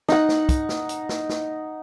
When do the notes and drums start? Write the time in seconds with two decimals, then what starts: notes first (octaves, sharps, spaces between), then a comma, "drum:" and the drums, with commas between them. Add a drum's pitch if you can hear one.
0.09 D#4 F#5, drum: snare
0.29 drum: snare
0.49 drum: kick, hi-hat
0.69 drum: snare
0.89 drum: hi-hat
1.09 drum: snare
1.29 drum: snare